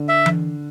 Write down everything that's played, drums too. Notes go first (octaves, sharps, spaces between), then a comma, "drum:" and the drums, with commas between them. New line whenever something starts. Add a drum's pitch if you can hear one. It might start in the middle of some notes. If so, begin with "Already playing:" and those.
Already playing: D3
E5
drum: tom E3